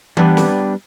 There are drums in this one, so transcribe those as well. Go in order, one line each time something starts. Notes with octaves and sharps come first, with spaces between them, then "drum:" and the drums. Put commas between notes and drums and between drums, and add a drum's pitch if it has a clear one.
G3 B3 D4 G4 B4, drum: tom E3
drum: snare